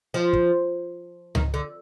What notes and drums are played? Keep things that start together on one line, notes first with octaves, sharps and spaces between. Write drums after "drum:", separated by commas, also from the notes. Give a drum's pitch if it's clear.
F3
drum: kick
D#3, drum: tom C#2
D3